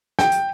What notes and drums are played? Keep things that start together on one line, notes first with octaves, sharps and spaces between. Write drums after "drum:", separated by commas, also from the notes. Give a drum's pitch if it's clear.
G5, drum: snare
drum: hi-hat